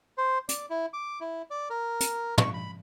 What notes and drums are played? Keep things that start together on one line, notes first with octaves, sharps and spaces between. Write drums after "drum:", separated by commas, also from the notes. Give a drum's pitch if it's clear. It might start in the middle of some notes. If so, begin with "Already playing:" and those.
C5
D5, drum: hi-hat
E4
D6
E4
D5
A#4
drum: hi-hat
C#6, drum: tom
B5